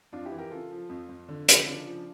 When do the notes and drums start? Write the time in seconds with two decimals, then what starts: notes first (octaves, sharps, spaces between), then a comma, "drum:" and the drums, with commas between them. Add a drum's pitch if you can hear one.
0.12 F2 D4 F4
0.26 E4 G4
0.32 E3
0.38 G4 A#4
0.51 C#3 F4 A4
0.71 F3
0.89 F2
1.09 F2
1.29 D3
1.48 F3, drum: hi-hat
1.67 C#3 D4 F4
1.87 F3